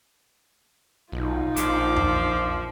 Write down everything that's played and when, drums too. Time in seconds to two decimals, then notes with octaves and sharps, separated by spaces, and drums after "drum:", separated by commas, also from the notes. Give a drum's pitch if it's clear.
1.12 B1 D#4 F4
1.57 A#1 F3 D6, drum: hi-hat
1.96 drum: tom E2